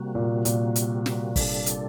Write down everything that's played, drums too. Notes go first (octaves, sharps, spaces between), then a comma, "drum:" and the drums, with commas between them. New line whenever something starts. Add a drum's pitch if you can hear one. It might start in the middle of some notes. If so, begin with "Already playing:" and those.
Already playing: C3 G3 A#3 F#4
A#2
A#2, drum: hi-hat
drum: hi-hat
drum: snare
C3 G3 D4 A4, drum: kick, open hi-hat
drum: hi-hat